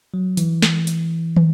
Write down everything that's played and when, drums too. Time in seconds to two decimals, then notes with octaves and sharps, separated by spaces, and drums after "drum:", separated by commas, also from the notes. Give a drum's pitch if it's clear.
0.14 F#3
0.37 E3, drum: hi-hat
0.62 drum: snare
0.87 drum: hi-hat
1.36 drum: tom